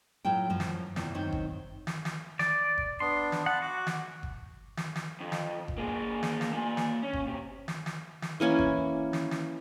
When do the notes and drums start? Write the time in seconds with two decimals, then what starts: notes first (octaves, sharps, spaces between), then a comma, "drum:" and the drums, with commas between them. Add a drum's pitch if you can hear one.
0.25 A2 F#3 F4 G5
0.50 F#2 F3
0.60 drum: snare
0.96 E2 C3 E3, drum: snare
1.14 F#2 D#3 C4 C5 C#5
1.32 drum: kick G1
1.87 drum: snare
2.05 drum: snare
2.39 D5, drum: snare
2.78 drum: kick G1
3.00 B3 D4 C6
3.32 drum: snare
3.46 F#5 A5 B5
3.62 F#4 D6
3.87 drum: snare
4.23 drum: kick G1
4.77 drum: snare
4.96 drum: snare
5.21 F2
5.32 drum: snare
5.68 drum: kick G1
5.78 A#3 G#4
6.23 drum: snare
6.41 drum: snare
6.53 A#3 G#5
6.77 drum: snare
7.03 C#4
7.13 drum: kick G1
7.27 C3
7.68 drum: snare
7.86 drum: snare
8.22 drum: snare
8.40 E3 A#3 C#4 G#5
8.59 drum: kick G1
9.13 drum: snare
9.31 drum: snare